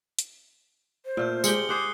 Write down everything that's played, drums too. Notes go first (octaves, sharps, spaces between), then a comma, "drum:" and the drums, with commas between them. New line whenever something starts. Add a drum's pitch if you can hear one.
drum: hi-hat
C5
A#2 A3 F6 G6
G#3 G4 C#7 F#7 G7, drum: tambourine
G#4 C5 F#5 D6 D#6 F#6 C7